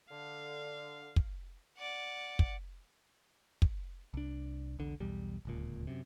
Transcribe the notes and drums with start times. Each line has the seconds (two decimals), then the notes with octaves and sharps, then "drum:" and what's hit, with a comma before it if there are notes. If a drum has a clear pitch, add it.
0.11 D3 F5
1.16 drum: kick
1.78 D5 F#5
2.39 drum: kick
3.62 drum: kick
4.14 C2 D4
4.79 E1 B1 D3
5.00 B1 E2 G3
5.45 D1 C#2 A#2
5.87 F#2 C3